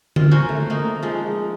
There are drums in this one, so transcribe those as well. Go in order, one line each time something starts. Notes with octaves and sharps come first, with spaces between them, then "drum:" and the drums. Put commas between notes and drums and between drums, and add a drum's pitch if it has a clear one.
F4, drum: tom D3
C#4 F#4 A#4 C5
A3
A#3 D#4
F3 G#3